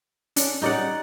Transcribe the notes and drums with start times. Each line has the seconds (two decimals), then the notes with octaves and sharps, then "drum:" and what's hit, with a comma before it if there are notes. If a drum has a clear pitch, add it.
0.36 C#4 D4, drum: hi-hat
0.62 G3 C#4 D#4 D5 F#5